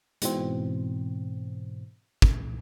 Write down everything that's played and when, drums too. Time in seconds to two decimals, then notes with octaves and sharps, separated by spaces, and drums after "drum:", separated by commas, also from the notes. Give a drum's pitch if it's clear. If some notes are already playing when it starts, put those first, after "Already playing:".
0.22 G#2 B2 E3 C4, drum: hi-hat
2.22 drum: kick